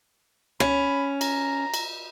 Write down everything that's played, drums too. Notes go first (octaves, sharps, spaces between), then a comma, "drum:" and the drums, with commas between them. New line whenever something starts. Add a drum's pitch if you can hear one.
C#4 B5, drum: rim click
A#5, drum: cymbal
drum: cymbal